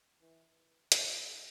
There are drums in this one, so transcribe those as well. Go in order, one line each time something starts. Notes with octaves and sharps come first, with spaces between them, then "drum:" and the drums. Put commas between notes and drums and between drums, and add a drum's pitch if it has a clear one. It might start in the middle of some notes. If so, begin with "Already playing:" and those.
E3
F3, drum: hi-hat